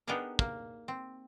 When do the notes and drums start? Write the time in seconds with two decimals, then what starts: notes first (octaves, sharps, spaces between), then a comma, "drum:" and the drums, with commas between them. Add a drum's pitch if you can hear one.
0.07 B3 D4 D#4 G4 G#4 A#4
0.39 A#3, drum: kick
0.88 C4